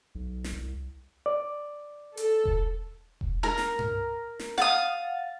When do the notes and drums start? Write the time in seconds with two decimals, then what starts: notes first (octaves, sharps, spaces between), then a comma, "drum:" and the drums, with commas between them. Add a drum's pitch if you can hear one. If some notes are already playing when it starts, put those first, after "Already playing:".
0.15 B1
0.44 drum: snare
0.53 C2
1.26 D5
2.17 A4, drum: hi-hat
2.45 drum: kick E1
3.21 drum: kick E1
3.43 A#4, drum: tom D4
3.58 drum: snare
3.79 drum: tom G2
4.39 drum: snare
4.58 F5 F#5 D#6 A6, drum: snare